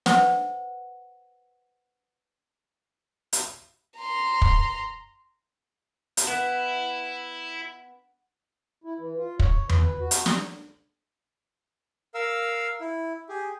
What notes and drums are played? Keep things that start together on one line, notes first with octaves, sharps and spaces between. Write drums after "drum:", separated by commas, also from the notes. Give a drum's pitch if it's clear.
B4 C5 F#5, drum: snare
drum: hi-hat
A#5 C6
drum: kick
drum: hi-hat
B3 E4
E4
E3
F4
C#5, drum: kick
B4, drum: tom E2
F#4
drum: hi-hat
G3, drum: snare
A#4 F5 E6
E4
G4 G#4